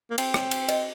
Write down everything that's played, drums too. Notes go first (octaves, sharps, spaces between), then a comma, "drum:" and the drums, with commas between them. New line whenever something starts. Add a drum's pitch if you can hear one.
A#3
C4, drum: cymbal
drum: rim click
drum: cymbal
D#5, drum: cymbal